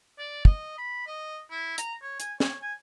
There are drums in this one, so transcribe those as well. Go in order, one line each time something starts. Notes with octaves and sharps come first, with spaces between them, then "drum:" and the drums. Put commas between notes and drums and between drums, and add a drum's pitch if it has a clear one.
D5
D#5, drum: kick
B5
D#5
E4
A#5, drum: hi-hat
C#5
G#5, drum: hi-hat
C#5, drum: snare
G#5